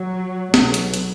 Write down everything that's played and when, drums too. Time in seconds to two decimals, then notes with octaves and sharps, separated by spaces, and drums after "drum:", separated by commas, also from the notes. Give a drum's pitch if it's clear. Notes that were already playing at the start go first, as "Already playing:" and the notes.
Already playing: F#3
0.54 B1 B2 F#3, drum: snare
0.74 drum: hi-hat
0.94 drum: hi-hat